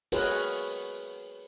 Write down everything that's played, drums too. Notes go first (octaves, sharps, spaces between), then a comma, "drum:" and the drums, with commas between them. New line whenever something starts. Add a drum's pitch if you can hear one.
F#4 G#4 A#4 B4 C#5, drum: open hi-hat